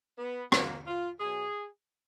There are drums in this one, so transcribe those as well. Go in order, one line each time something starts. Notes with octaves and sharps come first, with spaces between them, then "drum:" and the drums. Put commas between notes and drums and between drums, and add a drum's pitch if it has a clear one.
B3
B2 F#3 A#3, drum: rim click
F4
B2 F#3 G#4